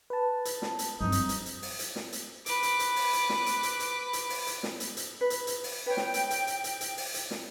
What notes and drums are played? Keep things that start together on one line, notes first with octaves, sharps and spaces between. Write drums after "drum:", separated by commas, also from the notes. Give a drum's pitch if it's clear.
B4 A5
drum: hi-hat
drum: snare
drum: hi-hat
G2 F#3 C4 D#4
drum: hi-hat
drum: hi-hat
drum: hi-hat
drum: open hi-hat
drum: hi-hat
drum: snare
drum: hi-hat
B4 D6, drum: hi-hat
drum: hi-hat
drum: hi-hat
drum: open hi-hat
drum: hi-hat
drum: snare
drum: hi-hat
drum: hi-hat
drum: hi-hat
drum: hi-hat
drum: open hi-hat
drum: hi-hat
drum: snare
drum: hi-hat
drum: hi-hat
B4
drum: hi-hat
drum: hi-hat
drum: open hi-hat
B4 C#5 G5
drum: snare
drum: hi-hat
drum: hi-hat
drum: hi-hat
drum: hi-hat
drum: hi-hat
drum: open hi-hat
drum: hi-hat
drum: snare